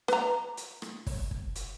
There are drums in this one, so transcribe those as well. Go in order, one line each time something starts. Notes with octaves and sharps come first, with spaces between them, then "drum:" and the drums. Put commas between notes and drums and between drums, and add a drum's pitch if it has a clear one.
B4 A#5, drum: rim click
drum: hi-hat
drum: rim click
drum: kick, open hi-hat
drum: kick
drum: hi-hat